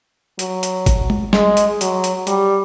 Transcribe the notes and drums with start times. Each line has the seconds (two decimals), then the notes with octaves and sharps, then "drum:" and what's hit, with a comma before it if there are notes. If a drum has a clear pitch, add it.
0.39 F#3, drum: hi-hat
0.63 drum: hi-hat
0.86 drum: kick, hi-hat
1.10 drum: tom G#3
1.33 G#3, drum: snare G3
1.57 drum: hi-hat
1.81 F#3, drum: hi-hat
2.04 drum: hi-hat
2.27 G3, drum: hi-hat